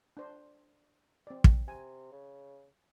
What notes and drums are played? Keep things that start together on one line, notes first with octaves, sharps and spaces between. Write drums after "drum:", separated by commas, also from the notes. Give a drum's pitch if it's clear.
D4 C5
C4 D5
drum: kick
C3 G#5
C#3